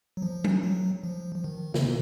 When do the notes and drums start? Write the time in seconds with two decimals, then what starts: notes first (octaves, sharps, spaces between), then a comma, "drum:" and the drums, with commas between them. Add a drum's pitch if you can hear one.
0.17 F#3
0.22 F3
0.44 drum: tom F#3
0.63 F#3
1.04 F3
1.36 F3
1.44 D#3
1.74 C#3, drum: snare
1.86 B2